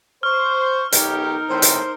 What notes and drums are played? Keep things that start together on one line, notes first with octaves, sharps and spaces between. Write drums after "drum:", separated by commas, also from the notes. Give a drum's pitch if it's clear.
C5 C#6 F6
B1 D#4 G4 A#4 C#5, drum: hi-hat
E2 A2 C4 C5
drum: hi-hat